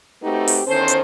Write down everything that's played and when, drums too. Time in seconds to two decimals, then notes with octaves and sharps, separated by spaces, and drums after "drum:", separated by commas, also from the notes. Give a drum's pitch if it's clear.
0.23 A3 C4 D#4 F#4 G4 B4
0.47 drum: open hi-hat
0.68 E2 D#3 C#4 A4 C5
0.88 drum: hi-hat